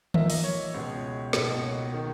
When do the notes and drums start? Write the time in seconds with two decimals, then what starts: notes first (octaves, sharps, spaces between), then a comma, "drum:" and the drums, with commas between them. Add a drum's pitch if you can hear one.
0.14 A#2 A#3 D#4 E5, drum: tom D#3
0.30 D#5, drum: open hi-hat
0.44 C#5
0.74 C#2 B2 G#3
1.33 C#2 B2 A#3 D#4, drum: snare
1.63 C#5
1.93 D#3 A#3